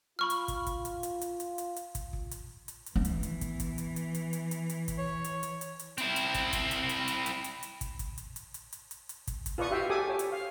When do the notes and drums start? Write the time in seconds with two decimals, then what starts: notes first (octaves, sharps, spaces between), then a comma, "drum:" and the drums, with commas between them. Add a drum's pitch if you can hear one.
0.19 F4 B5 C#6 F6
0.30 drum: hi-hat
0.48 drum: kick, hi-hat
0.67 drum: kick, hi-hat
0.85 drum: hi-hat
1.03 drum: hi-hat
1.21 drum: hi-hat
1.40 drum: hi-hat
1.58 drum: hi-hat
1.76 drum: hi-hat
1.95 drum: kick, hi-hat
2.13 drum: kick
2.31 drum: hi-hat
2.68 drum: hi-hat
2.86 drum: hi-hat
2.96 E3 B3
3.05 drum: hi-hat
3.23 drum: hi-hat
3.41 drum: kick, hi-hat
3.60 drum: kick, hi-hat
3.78 drum: hi-hat
3.96 drum: hi-hat
4.15 drum: hi-hat
4.33 drum: hi-hat
4.51 drum: hi-hat
4.70 drum: hi-hat
4.88 drum: kick, hi-hat
4.98 C#5
5.24 drum: hi-hat
5.43 drum: hi-hat
5.61 drum: hi-hat
5.79 drum: hi-hat
5.98 C4 E4, drum: hi-hat
6.16 drum: hi-hat
6.34 drum: kick, hi-hat
6.53 drum: kick, hi-hat
6.71 drum: hi-hat
6.89 drum: hi-hat
7.08 drum: hi-hat
7.26 drum: hi-hat
7.44 drum: hi-hat
7.63 drum: hi-hat
7.81 drum: kick, hi-hat
7.99 drum: kick, hi-hat
8.18 drum: hi-hat
8.36 drum: hi-hat
8.54 drum: hi-hat
8.73 drum: hi-hat
8.91 drum: hi-hat
9.09 drum: hi-hat
9.27 drum: kick, hi-hat
9.46 drum: kick, hi-hat
9.58 F4 B4 D5 D#5 C#6 D#6
9.71 F#4 G4 E5 F5 G5
9.90 G4 A4 E5 G#5 D6 D#6
10.09 C#5
10.19 drum: hi-hat
10.32 F5